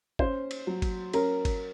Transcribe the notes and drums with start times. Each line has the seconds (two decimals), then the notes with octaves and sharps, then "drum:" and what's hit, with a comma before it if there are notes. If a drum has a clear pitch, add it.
0.19 C#4 C5, drum: kick G1
0.51 drum: cymbal
0.67 F#3
0.82 drum: kick G1, cymbal
1.14 C#4 A#4, drum: cymbal
1.45 drum: kick G1, cymbal